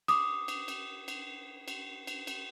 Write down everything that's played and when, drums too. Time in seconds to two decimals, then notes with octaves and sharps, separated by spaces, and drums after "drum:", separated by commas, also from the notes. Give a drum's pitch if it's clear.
0.08 D6 D#6, drum: cymbal
0.48 drum: cymbal
0.68 drum: cymbal
1.08 drum: cymbal
1.68 drum: cymbal
2.07 drum: cymbal
2.27 drum: cymbal